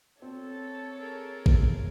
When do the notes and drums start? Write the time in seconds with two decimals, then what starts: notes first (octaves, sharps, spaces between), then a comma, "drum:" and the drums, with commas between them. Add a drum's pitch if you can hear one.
0.22 C4 A4 C#5
1.00 G#4 A#4
1.46 drum: kick A1